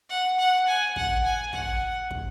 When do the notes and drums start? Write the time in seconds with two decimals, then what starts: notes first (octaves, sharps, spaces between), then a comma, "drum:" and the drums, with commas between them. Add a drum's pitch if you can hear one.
0.09 F#5
0.38 F#5
0.67 G#5
0.96 F#5, drum: kick
1.24 G#5
1.53 F#5, drum: kick
2.11 drum: kick